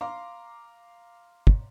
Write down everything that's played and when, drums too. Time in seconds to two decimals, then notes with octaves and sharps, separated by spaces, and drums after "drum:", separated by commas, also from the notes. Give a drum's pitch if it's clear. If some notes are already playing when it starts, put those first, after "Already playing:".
0.01 F5 A#5 C6 D6
1.47 drum: kick